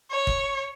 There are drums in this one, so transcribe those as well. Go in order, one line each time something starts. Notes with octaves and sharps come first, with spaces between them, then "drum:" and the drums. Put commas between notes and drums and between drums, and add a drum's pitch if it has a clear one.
C#5
drum: kick